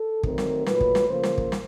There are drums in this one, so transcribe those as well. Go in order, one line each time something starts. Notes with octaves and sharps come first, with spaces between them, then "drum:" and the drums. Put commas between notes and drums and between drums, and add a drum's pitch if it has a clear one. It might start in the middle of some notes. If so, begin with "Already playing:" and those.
Already playing: A4
D#3 F#3 A3 C4 A#4, drum: kick
drum: snare
A#2 F#3 A3 B4, drum: snare
drum: kick
drum: snare
C#3 F3 A#3 C5
drum: snare
drum: kick
drum: snare